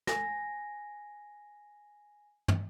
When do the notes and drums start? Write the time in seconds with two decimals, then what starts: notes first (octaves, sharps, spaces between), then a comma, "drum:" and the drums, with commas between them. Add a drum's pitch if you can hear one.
0.07 G#5 A#6, drum: snare
2.48 drum: tom